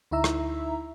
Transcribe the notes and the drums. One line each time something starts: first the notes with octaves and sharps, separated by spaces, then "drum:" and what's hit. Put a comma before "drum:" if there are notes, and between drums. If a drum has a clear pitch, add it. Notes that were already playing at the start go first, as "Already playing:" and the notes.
D2 D#4 E4 E5 A#5 E6
drum: rim click